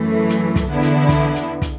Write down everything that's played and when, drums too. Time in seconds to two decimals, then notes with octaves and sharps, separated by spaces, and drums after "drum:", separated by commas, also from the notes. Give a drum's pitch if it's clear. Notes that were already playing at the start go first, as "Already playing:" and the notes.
Already playing: F#2 E3 A3
0.29 drum: hi-hat
0.56 drum: kick, hi-hat
0.69 E2 D3 B3 E4
0.82 drum: hi-hat
1.09 drum: kick, hi-hat
1.35 drum: hi-hat
1.62 drum: kick, hi-hat